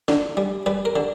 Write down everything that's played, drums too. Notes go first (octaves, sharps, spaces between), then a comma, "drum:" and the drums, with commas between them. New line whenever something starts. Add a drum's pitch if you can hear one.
D3, drum: snare
G3
G3 B4
A#4
D3